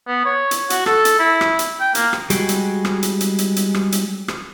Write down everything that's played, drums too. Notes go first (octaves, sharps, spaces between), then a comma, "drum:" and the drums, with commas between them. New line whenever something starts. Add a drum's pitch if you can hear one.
B3
C#5
drum: hi-hat
F#4, drum: hi-hat
A4, drum: rim click
drum: hi-hat
E4
drum: rim click
drum: hi-hat
G5
A#3, drum: hi-hat
drum: rim click
G3 G#3 F#4 G#4 G5, drum: hi-hat
drum: hi-hat
drum: rim click
drum: hi-hat
drum: hi-hat
drum: hi-hat
drum: hi-hat
drum: rim click
drum: hi-hat
drum: rim click